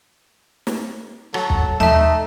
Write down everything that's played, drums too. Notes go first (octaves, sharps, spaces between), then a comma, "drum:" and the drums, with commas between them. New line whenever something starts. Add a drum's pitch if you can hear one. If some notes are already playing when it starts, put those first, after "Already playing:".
drum: snare
F#3 A4, drum: rim click
drum: kick
A3 D#4 E5 A5, drum: tom D#2